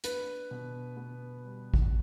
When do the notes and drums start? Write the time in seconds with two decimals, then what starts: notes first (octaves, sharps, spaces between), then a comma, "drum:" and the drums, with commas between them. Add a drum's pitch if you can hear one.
0.04 D4 B4, drum: hi-hat
0.51 B2
0.97 B3
1.43 G3
1.74 drum: kick A1